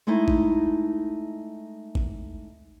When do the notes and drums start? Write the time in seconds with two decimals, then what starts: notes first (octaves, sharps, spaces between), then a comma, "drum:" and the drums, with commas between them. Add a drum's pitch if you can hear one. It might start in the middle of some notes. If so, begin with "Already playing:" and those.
0.07 G#3 A3 D#4 E4 D#5
0.28 drum: kick G#1
1.95 drum: kick G#1